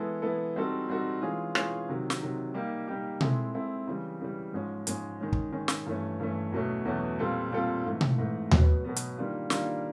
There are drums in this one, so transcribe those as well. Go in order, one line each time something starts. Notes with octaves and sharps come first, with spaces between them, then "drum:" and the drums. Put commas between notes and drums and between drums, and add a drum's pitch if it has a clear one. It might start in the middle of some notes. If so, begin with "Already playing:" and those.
Already playing: E3 G#3 B3 E4 A4
E3 G#3 B3 E4 A4
G3 C4 D#4 F#4 A4
G3 C4 D#4 F#4 A4
E3 G#3 C#4 F4 G#4
E3 G#3 C#4 F4 G#4, drum: rim click
C3 D#3 F#3
drum: snare
C3 D#3 F#3
G3 A#3 D#4 G4
G3 A#3 D#4 G4
G#3 C4 E4 A4, drum: tom B2
G#3 C4 E4 A4
C#3 E3 G3
C#3 E3 G3
G#2 F3 G#3 C#4
G#2 F3 G#3 C#4, drum: hi-hat
D#3 G#3 C#4
drum: kick
D#3 G#3 C#4
drum: snare
G2 E3 A3 C#4
G2 E3 A3 C#4
E2 B2 F#3 A3 C#4
E2 B2 F#3 A3 C#4
A#2 G3 C4 F4 A4
A#2 G3 C4 F4 A4
G#2 E3 A3
drum: tom B2
G#2 E3 A3
B2 F#3 B3, drum: tom D#2
B2 F#3 B3
drum: hi-hat
D#3 G3 A#3 D4 F4
D#3 G3 A#3 D4 F4, drum: snare